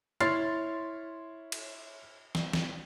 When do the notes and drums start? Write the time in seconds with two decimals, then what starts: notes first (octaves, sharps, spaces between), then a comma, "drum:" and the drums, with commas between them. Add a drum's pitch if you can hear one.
0.20 E4 C#5 C6 F6 A6 C7, drum: hi-hat
1.52 drum: cymbal
2.35 drum: snare
2.53 drum: snare